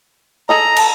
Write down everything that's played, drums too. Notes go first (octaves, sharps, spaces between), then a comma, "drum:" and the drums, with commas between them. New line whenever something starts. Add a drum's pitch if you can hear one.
G#4 A4 D#5 A#5
A5, drum: cymbal